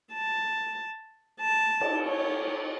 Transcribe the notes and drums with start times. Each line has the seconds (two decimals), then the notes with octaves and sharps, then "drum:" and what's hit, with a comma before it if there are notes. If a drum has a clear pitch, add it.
0.13 A5
1.41 A5
1.81 drum: cymbal
2.07 C#5